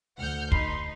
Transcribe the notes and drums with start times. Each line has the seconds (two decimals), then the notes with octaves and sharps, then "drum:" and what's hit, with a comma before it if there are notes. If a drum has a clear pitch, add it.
0.18 D2 F#5 F6 G6
0.52 D#4 B5 C6 C7, drum: kick